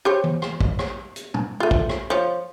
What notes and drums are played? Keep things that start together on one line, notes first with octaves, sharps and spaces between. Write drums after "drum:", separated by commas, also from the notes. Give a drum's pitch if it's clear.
G4 C5 C#5
drum: tom
drum: rim click
drum: kick
drum: rim click
drum: hi-hat
drum: tom
A3 F4
drum: kick
drum: rim click
F3 C#5